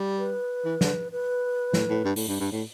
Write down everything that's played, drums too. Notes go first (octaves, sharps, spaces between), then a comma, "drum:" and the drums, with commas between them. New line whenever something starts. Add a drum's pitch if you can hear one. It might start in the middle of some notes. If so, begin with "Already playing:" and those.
Already playing: G3
B4
E3
D3, drum: snare
B4
A2, drum: snare
A2
G2
A2, drum: open hi-hat
G2
G2
A2